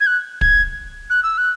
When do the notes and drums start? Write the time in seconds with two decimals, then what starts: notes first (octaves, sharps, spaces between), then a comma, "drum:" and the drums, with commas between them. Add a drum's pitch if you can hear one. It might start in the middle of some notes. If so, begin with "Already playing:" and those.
0.01 G#6
0.07 F#6
0.41 G#6, drum: kick
1.10 F#6
1.23 E6
1.38 F#6